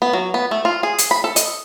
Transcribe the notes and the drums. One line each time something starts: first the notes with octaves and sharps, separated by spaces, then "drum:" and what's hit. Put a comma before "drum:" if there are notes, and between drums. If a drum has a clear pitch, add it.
B3
F#3
B3
A3
F4
G#4
drum: hi-hat
B5
A4
D#5, drum: hi-hat